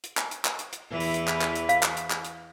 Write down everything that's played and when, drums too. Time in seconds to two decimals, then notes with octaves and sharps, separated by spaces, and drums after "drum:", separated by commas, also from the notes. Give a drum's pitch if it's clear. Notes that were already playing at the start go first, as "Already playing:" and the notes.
0.03 drum: hi-hat
0.17 drum: clap
0.31 drum: hi-hat
0.45 drum: clap
0.59 drum: hi-hat
0.72 drum: hi-hat
0.91 E2 E3 B4
1.00 drum: open hi-hat
1.14 drum: hi-hat
1.28 drum: clap
1.41 drum: clap
1.55 drum: hi-hat
1.69 F5, drum: hi-hat
1.83 drum: clap
1.97 drum: hi-hat
2.10 drum: clap
2.24 drum: hi-hat